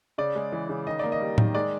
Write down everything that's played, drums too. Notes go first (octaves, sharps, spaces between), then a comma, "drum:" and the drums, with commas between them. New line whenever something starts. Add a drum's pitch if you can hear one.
C#3 D5
G#3
E3
C#3
D#3 D#5
A#3 D5
D#5
G3
D#3, drum: tom A2
G#3 D5